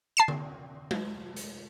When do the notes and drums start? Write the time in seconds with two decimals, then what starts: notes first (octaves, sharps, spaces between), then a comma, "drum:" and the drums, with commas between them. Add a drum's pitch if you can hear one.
0.17 A5 C7 E7
0.28 drum: tom D3
0.91 drum: tom G#3
1.36 drum: hi-hat